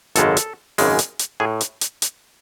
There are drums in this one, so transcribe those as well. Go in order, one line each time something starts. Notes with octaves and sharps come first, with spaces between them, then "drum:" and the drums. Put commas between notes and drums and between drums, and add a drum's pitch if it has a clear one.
G#1 F#2 C#3 G#3 A4, drum: hi-hat
drum: hi-hat
G#1 F#2 C#3 G#3, drum: open hi-hat
drum: hi-hat
drum: hi-hat
A2 G#4
drum: hi-hat
drum: hi-hat
drum: hi-hat